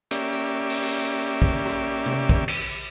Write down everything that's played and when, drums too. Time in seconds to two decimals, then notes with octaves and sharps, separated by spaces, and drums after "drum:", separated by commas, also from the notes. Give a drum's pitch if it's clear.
0.11 A#3 C#4 G4 D5 E5, drum: hi-hat
0.33 drum: tambourine
0.70 drum: open hi-hat
0.83 drum: open hi-hat
1.42 drum: kick A#1
1.66 drum: rim click
2.06 drum: tom
2.29 drum: kick A#1
2.48 drum: cymbal